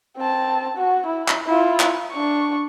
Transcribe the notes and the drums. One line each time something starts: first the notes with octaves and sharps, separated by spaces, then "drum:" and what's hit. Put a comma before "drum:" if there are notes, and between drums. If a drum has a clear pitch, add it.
C4 A5
F#4
E4
drum: clap
E4 F4
drum: clap
D4 C#6